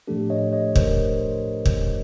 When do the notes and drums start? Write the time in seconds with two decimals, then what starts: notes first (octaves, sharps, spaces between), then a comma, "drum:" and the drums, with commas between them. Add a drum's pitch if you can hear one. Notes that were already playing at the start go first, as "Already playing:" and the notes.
0.07 A2 F3 A3 D4 G4 A4
0.30 C#5 D#5
0.52 C#5 D#5
0.76 A#4 C5, drum: kick
1.65 drum: kick